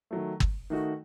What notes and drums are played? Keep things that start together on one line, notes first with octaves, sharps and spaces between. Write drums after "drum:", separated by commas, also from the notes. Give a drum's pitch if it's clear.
D#3 F#3 A3
drum: kick
D#3 A3 D#4 F#4